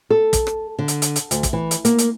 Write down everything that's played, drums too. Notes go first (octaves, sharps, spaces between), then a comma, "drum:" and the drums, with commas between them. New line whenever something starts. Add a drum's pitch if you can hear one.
A4
drum: kick, hi-hat
drum: rim click
D3
drum: hi-hat
drum: hi-hat
drum: hi-hat
D2, drum: hi-hat
drum: kick, hi-hat
E3
drum: hi-hat
A#3, drum: hi-hat
drum: hi-hat